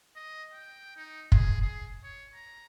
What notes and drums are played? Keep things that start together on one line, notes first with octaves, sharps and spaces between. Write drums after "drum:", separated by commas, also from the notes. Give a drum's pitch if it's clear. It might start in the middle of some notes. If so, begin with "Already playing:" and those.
D#5
G5
D#4
G#4, drum: kick
G#4
C#5
A#5